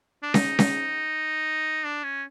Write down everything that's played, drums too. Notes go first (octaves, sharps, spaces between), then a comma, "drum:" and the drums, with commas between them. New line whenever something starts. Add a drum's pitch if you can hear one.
D4
D#4, drum: snare C#4
drum: snare C#4
D4
C#4